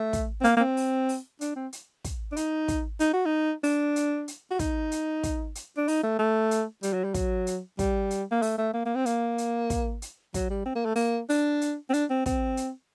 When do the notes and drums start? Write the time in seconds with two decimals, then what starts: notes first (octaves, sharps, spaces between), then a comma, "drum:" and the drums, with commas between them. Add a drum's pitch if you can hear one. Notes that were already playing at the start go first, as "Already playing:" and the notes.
Already playing: A3
0.13 drum: kick, hi-hat
0.41 C4
0.44 A#3, drum: hi-hat
0.57 A#3
0.61 C4
0.77 drum: open hi-hat
1.09 drum: open hi-hat
1.41 D4, drum: hi-hat
1.56 C4
1.73 drum: hi-hat
2.04 drum: kick, hi-hat
2.32 D4
2.37 D#4, drum: hi-hat
2.68 drum: kick, hi-hat
3.00 D#4, drum: hi-hat
3.13 F#4
3.26 D#4
3.63 D4, drum: open hi-hat
3.96 drum: hi-hat
4.28 drum: hi-hat
4.51 F#4
4.59 D#4, drum: kick, hi-hat
4.92 drum: hi-hat
5.23 drum: kick, hi-hat
5.55 drum: hi-hat
5.77 D4
5.88 D#4, drum: open hi-hat
6.03 A3
6.19 A3
6.51 drum: hi-hat
6.83 G3, drum: hi-hat
6.93 F#3
7.04 G3
7.14 F#3, drum: kick, hi-hat
7.47 drum: hi-hat
7.79 G3, drum: kick, hi-hat
8.11 drum: hi-hat
8.31 A#3
8.42 A3, drum: open hi-hat
8.58 A3
8.74 A#3
8.86 A#3
8.95 C4
9.06 A#3, drum: hi-hat
9.38 drum: hi-hat
9.70 drum: kick, hi-hat
10.02 drum: hi-hat
10.34 F#3, drum: kick, hi-hat
10.50 G3
10.66 C4
10.76 A#3
10.85 A3
10.96 A#3, drum: open hi-hat
11.30 D4, drum: open hi-hat
11.61 drum: hi-hat
11.89 C4
11.93 D4, drum: hi-hat
12.10 C4
12.26 C4, drum: kick, hi-hat
12.57 drum: hi-hat